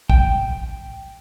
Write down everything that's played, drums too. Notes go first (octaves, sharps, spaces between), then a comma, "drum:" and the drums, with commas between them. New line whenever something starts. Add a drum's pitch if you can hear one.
G5, drum: kick